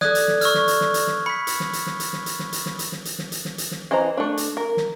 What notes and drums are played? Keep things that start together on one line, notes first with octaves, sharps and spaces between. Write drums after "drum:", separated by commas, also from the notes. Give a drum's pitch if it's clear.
A4 D5 D#6 F#6 G#6, drum: snare
drum: hi-hat
drum: snare
C#6 E6 F6, drum: hi-hat
drum: snare
drum: hi-hat
drum: snare
drum: hi-hat
drum: snare
B5 B6 C#7
drum: hi-hat
drum: snare
drum: hi-hat
drum: snare
drum: hi-hat
drum: snare
drum: hi-hat
drum: snare
drum: hi-hat
drum: snare
drum: hi-hat
drum: snare
drum: hi-hat
drum: snare
drum: hi-hat
drum: snare
drum: hi-hat
drum: snare
E3 C5 D#5 A#5
A3 D4
drum: hi-hat
A#4
drum: snare